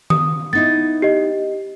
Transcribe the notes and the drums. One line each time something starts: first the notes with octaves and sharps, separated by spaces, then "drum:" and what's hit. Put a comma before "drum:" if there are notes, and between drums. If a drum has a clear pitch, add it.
D#6, drum: tom D#3
B3 D#4 E4 A6
G4 D#5